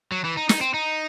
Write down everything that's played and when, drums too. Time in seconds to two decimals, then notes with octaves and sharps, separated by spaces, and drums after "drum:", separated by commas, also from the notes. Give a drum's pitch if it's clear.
0.12 F#3
0.24 E3
0.37 D#4
0.49 D#4, drum: snare
0.61 C4
0.74 D#4